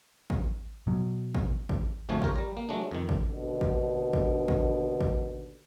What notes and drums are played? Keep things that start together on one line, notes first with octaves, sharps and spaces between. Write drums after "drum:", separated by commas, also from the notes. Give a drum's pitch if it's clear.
drum: kick
B2 F#3
drum: kick
drum: kick
G#1 D2 F3 A3 G#4 C#5
F4 G4 A#4 C#5, drum: kick
G3 A#5
A#3
F#3 G#3 A3 D4
F2 D#3
drum: kick
D#2 B2 D3
drum: kick
drum: kick
drum: kick
drum: kick